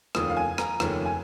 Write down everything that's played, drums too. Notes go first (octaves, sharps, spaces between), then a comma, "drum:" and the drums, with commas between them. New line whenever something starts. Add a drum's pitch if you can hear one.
F1 D#2 C#3 F3 C#4 D#6, drum: rim click
F5
G#5
A#5, drum: rim click
F1 D#2 C#3 F3 C#4, drum: rim click
G#5